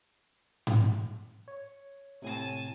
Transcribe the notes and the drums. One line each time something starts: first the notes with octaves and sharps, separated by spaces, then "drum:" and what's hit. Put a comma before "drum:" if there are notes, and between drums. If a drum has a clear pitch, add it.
drum: tom G#2
C#5
A2 C3 G#5 A5